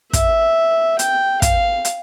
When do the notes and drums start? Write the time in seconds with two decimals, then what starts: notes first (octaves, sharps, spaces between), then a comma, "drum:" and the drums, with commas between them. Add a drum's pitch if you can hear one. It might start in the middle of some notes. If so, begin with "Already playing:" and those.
0.13 E5, drum: kick, hi-hat
0.99 G5, drum: hi-hat
1.42 F5, drum: kick, hi-hat
1.85 drum: hi-hat